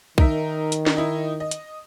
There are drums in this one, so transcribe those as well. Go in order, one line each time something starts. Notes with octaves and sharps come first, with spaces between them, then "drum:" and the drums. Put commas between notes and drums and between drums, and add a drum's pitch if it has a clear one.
D#3 D#4 A#4 E5, drum: kick B1
drum: hi-hat
drum: snare
D#4 E4 D#5
D#5
drum: hi-hat